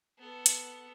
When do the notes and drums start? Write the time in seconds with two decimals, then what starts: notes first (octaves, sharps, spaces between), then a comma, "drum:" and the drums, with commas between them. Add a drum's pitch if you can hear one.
0.18 B3 A4
0.46 drum: hi-hat